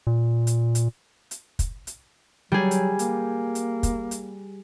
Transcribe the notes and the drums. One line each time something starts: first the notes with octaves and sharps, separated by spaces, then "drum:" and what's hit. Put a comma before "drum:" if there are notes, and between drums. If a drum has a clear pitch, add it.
A#2
drum: hi-hat
drum: hi-hat
drum: hi-hat
drum: kick, hi-hat
drum: hi-hat
F#3 G3 G#4
drum: hi-hat
A#3, drum: hi-hat
drum: hi-hat
drum: kick, hi-hat
drum: hi-hat